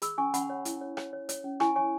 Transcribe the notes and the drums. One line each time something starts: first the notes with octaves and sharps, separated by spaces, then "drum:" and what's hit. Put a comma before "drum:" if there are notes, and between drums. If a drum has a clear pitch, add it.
G#4 B5 E6, drum: hi-hat
C#4 G#5 C#6
C#4 F#5 B5, drum: hi-hat
C#5
E4, drum: hi-hat
C#5
C#5, drum: rim click
C#5
C#5, drum: hi-hat
C#4
E4 G#5 C#6, drum: rim click
C#5 G#5 C#6